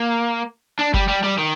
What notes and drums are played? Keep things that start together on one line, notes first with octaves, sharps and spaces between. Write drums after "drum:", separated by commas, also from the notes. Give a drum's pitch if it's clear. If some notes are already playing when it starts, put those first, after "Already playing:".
Already playing: A#3
D4
G3, drum: kick F#1
G3
G3
D#3